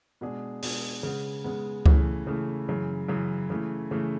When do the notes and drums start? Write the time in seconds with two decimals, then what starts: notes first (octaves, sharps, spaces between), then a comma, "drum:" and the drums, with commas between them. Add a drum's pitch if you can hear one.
0.21 B2 G#3 D4 G#4
0.62 B2 G#3 D4 G#4, drum: open hi-hat
1.03 C#3 G#3 B3
1.44 C#3 G#3 B3
1.86 C#3 E3 A3, drum: kick C#2
2.27 C#3 E3 A3
2.68 F#2 C#3 E3
3.09 F#2 C#3 E3
3.50 C#3 E3 A3
3.91 C#3 E3 A3